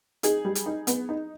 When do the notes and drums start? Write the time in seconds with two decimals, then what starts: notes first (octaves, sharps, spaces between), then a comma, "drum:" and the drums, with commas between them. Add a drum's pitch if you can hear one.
0.23 D#4 G#4, drum: hi-hat
0.45 G3
0.55 drum: hi-hat
0.66 D#4
0.87 B3, drum: hi-hat
1.09 D#4